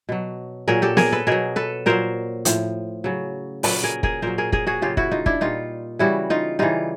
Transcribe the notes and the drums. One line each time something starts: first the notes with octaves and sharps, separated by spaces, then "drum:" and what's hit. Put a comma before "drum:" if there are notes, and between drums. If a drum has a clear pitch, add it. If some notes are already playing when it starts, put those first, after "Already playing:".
B2 F#3
A#2 F#3 G#4 A#4
G4 A4
G#4 A#4, drum: snare B3
A4 B4
B2 F#3 G#4 A#4
A4 B4
A#2 F#3 A#4 C5
A2 F3, drum: hi-hat
C#3 F#3
A#2 F#3 A4 B4, drum: open hi-hat
G#4 A#4
G#4 A#4, drum: kick
A#2 F#3 A#4 C5
G#4 A#4
G#4 A#4, drum: kick
F#4 G#4
C#3 F#3 F4 G4
E4 F#4, drum: kick
D#4 F4
D4 E4, drum: kick
A#2 G3 D#4 F4
C#3 E3 G3 E4 F#4
D#4 F4
C#3 E3 G3 D#4 F4